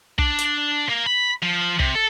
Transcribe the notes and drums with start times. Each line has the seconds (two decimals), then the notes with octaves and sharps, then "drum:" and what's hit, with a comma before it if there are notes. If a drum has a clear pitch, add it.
0.18 D4, drum: kick
0.39 drum: hi-hat
0.90 A#3
1.07 B5
1.43 F3
1.79 C3, drum: kick
1.96 A4